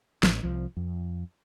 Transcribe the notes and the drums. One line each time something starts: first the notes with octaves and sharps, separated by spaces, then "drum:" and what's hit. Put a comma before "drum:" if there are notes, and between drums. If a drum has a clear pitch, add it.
A1, drum: snare
C2 F3
F2